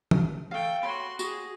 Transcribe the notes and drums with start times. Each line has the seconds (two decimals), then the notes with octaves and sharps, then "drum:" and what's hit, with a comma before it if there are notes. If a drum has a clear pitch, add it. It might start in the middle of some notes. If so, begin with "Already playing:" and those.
0.11 drum: tom
0.51 A3 F5 G5
0.83 F#4 C#5 B5 C6
1.19 F#4 G#4, drum: tambourine